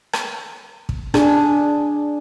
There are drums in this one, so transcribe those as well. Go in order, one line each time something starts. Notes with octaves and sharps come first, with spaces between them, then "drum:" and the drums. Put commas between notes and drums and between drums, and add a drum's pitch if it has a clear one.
drum: rim click
drum: kick
D4 G#4, drum: rim click